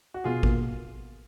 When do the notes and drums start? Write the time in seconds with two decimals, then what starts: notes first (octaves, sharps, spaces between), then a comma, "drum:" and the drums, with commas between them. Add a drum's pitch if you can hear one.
0.14 F#4
0.24 B2 F4 G#4
0.43 A#3, drum: kick G#1